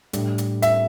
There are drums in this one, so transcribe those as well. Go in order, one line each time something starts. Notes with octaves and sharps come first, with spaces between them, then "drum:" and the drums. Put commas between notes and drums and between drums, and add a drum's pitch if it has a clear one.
A2 G3 D4, drum: hi-hat
drum: hi-hat
E5, drum: hi-hat